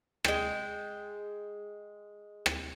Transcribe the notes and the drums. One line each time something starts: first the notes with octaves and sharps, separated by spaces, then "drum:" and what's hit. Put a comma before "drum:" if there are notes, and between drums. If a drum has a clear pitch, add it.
G#3 G5, drum: rim click
drum: rim click